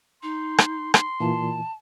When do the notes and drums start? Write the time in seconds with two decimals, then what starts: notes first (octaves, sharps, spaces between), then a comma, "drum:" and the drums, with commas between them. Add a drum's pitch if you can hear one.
0.23 D#4 C6
0.58 drum: rim click
0.94 C6, drum: rim click
1.20 A#2 E3 A5